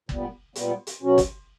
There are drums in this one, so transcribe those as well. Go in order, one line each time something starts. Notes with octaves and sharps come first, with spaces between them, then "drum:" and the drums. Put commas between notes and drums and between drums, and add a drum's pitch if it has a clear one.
A#2 G3 B3, drum: kick G1
A#2 G3 B3, drum: hi-hat
drum: hi-hat
B2 F#3 C#4 F#4
drum: kick G1, hi-hat